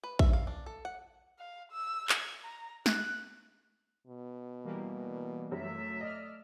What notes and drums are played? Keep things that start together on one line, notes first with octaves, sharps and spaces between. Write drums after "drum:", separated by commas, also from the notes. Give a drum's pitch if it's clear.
B4
E5, drum: kick A#1
F5
D4
A4
F#5
F5
E6
G#6, drum: clap
A#5
F#6, drum: snare
B2
E3 G3 A#3
F#2 F#3 A3 E5
D5 D#5 F6